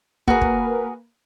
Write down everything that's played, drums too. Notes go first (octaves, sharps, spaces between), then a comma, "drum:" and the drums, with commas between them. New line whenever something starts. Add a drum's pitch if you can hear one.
A#3 F#4 G#4 A#4 B4, drum: kick
drum: kick